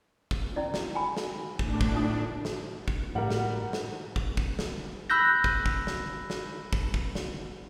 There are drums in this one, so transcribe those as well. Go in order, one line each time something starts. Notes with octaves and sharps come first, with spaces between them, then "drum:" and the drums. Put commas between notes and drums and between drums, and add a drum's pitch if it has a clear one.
drum: kick
C#4 E4 D5
drum: snare
G5 G#5 B5
drum: snare
A2 D4, drum: kick
drum: kick
D#4 F4 D#6
drum: snare
drum: kick
A2 G3 A#4 F#5
drum: snare
drum: snare
drum: kick
drum: kick
drum: snare
B5 E6 F#6 G6 A#6
drum: kick
drum: kick
drum: snare
drum: snare
drum: kick
drum: kick
drum: snare